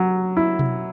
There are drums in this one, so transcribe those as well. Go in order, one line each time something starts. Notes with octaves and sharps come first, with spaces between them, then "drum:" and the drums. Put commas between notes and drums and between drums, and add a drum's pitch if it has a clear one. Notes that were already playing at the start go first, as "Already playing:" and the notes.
Already playing: F#3
E4
drum: tom B2